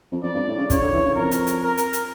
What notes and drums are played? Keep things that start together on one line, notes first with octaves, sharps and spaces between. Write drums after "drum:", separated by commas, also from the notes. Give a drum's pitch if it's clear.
F2
F2 D5
G2
A2
C#3
C#3 C#5, drum: kick, hi-hat
D3
E3
C#3
F2 A#4
drum: hi-hat
drum: hi-hat
A#4
drum: hi-hat
drum: hi-hat